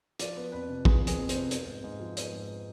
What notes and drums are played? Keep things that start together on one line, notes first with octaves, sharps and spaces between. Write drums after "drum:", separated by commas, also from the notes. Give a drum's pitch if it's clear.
F3 D5, drum: hi-hat
B3
F2 B4
C3
F3 G#4, drum: kick
B3
G#4, drum: hi-hat
F2
C5, drum: hi-hat
C3
B3, drum: hi-hat
G#2
G#2
F3
B3, drum: hi-hat
G#2